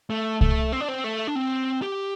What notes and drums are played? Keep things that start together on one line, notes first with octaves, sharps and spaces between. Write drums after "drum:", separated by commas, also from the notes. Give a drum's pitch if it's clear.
A3
A3, drum: kick C2
C4
D4
C4
A3
D4
C4
G4